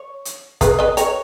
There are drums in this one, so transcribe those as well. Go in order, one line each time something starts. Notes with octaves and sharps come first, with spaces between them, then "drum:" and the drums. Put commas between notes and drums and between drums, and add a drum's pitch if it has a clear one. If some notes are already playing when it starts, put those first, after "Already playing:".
Already playing: C#5
drum: hi-hat
G#4 B4, drum: kick, hi-hat
B4 D#5
A#4 C#5, drum: hi-hat